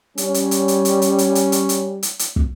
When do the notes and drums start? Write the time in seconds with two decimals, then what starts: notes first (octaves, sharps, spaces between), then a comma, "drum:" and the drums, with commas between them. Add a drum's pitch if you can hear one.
0.18 G3 C#4, drum: hi-hat
0.34 drum: hi-hat
0.51 drum: hi-hat
0.68 drum: hi-hat
0.85 drum: hi-hat
1.02 drum: hi-hat
1.18 drum: hi-hat
1.35 drum: hi-hat
1.52 drum: hi-hat
1.69 drum: hi-hat
2.03 drum: hi-hat
2.19 drum: hi-hat
2.36 drum: kick